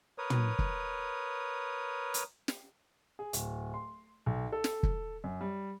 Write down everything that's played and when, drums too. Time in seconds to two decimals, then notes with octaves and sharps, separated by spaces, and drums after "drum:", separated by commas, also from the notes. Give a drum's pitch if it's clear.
0.18 A#4 B4 C#5 D#6
0.30 drum: tom
0.59 drum: kick
2.14 drum: hi-hat
2.48 drum: snare
3.19 G#4
3.33 D1, drum: hi-hat
3.74 C6
4.26 B1
4.52 A4
4.64 drum: snare
4.83 drum: kick
5.24 F#2
5.41 G3